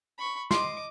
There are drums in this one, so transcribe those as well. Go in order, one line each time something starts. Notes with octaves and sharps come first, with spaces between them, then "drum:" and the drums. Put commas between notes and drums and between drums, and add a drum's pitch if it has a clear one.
B5 C#6
D#5 C6 D6, drum: snare